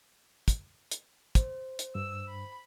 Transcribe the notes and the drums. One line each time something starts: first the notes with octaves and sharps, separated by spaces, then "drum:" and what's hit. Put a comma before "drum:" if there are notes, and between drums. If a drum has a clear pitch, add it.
drum: kick, hi-hat
drum: hi-hat
C5, drum: kick, hi-hat
drum: hi-hat
G2 E6
B5